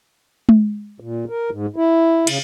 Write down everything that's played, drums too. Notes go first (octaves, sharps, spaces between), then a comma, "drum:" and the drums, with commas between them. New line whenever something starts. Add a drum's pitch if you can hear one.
drum: tom G#3
A#2
A#4
G#2
E4
C#3, drum: cymbal